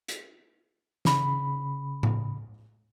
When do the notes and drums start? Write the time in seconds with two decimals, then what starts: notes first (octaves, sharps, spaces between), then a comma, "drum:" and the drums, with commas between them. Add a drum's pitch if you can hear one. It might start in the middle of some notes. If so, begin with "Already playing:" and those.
0.08 drum: hi-hat
1.05 C#3 B5, drum: snare
2.03 drum: tom A2